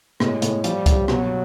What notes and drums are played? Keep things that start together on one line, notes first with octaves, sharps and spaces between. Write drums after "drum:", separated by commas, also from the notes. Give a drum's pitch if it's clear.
A2 G#3, drum: rim click
A2, drum: hi-hat
F3 G3, drum: hi-hat
G2, drum: kick C2, hi-hat
B2 F#3, drum: rim click